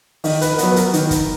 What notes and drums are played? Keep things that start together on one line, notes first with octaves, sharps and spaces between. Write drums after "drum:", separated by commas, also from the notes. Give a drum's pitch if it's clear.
D#3 D#5, drum: open hi-hat
B4, drum: hi-hat
A#4
F#3 B3 B4, drum: hi-hat
B4
A#4, drum: hi-hat
D#3, drum: hi-hat
drum: kick, hi-hat